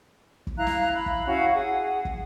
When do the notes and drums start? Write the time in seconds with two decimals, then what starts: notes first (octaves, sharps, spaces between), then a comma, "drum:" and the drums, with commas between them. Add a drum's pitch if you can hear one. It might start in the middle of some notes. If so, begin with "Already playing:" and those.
0.47 drum: kick
0.57 E4 F5 A#5 F#6
0.67 drum: snare
0.95 B5
1.06 drum: kick
1.26 C#4 E4 F#4 F5
1.54 G#4 F#5
2.05 drum: kick